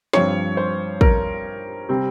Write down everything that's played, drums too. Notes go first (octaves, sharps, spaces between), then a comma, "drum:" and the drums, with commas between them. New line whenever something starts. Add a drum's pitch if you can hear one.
G2 F3 C4 C#5, drum: snare
C5
A#4, drum: kick
C3 G3 C4